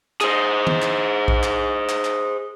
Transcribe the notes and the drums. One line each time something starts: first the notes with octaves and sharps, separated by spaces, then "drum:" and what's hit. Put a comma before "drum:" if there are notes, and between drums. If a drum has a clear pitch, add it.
G#4 C5, drum: clap
drum: tom D#3
drum: clap
drum: kick A#1
drum: clap
drum: clap
drum: clap